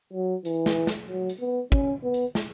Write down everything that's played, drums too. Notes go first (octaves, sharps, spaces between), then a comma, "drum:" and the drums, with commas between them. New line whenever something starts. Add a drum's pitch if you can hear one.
F#3
E3, drum: hi-hat
drum: snare
drum: snare
F#3
drum: hi-hat
B3
C#4, drum: kick
B3
drum: hi-hat
drum: snare